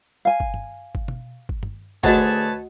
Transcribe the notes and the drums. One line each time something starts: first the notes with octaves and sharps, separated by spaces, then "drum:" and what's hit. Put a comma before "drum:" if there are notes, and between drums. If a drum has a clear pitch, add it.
F5 G#5
drum: kick G1
drum: tom G2
drum: kick G1
drum: tom B2
drum: kick G1
drum: tom G2
D2 F#4 G#4 B4 C#5 D#5 F#5 A5, drum: kick G1
drum: tom D3